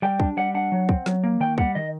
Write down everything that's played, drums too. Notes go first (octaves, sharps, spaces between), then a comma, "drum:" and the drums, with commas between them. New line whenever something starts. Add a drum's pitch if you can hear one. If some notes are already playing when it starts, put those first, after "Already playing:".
G3 G5
D4, drum: kick
G3 F#5
D4 F#5
F#3
C4, drum: kick
F#3, drum: snare
A#3
D#3 G5
G3 F#5, drum: kick
D#3 D#5